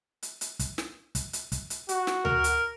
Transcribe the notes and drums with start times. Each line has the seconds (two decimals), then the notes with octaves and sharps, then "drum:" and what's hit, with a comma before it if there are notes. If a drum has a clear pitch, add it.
0.23 drum: hi-hat
0.41 drum: hi-hat
0.59 drum: kick, hi-hat
0.78 drum: snare
1.15 drum: kick, hi-hat
1.33 drum: hi-hat
1.52 drum: kick, hi-hat
1.70 drum: hi-hat
1.89 F#4, drum: hi-hat
2.07 drum: snare
2.25 A#4, drum: tom D2
2.44 drum: hi-hat